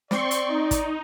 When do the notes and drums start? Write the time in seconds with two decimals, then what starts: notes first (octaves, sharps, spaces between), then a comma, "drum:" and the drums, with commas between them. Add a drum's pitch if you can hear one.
0.11 C4 D5 C6 C#6, drum: snare
0.31 drum: hi-hat
0.49 D#4
0.71 drum: kick, hi-hat